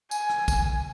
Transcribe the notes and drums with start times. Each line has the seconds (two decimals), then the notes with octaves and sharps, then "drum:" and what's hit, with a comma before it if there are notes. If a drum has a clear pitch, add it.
0.11 G#5, drum: tambourine
0.30 drum: rim click
0.48 drum: kick, tambourine